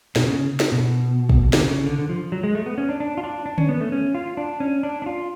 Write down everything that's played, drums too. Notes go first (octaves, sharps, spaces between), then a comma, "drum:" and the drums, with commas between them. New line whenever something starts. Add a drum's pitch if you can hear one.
B2, drum: snare
C#3
drum: snare
B2
drum: kick
D3, drum: snare
C#3
D3
D3
F3
F#3
G#3
A3
B3
C#4
D4
D4
F4
D4
D4
C#4, drum: tom D3
B3
A3
C#4
F4
D4
C#4
D4
D4
F4